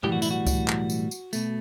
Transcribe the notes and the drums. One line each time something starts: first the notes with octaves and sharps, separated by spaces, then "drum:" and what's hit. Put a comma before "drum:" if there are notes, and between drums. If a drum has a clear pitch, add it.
B1 A2 E3 G3 G4, drum: tom
F#4
E4, drum: tambourine
F#4
drum: kick C#2, tambourine
drum: clap
drum: tambourine
drum: tambourine
B2 A3, drum: tambourine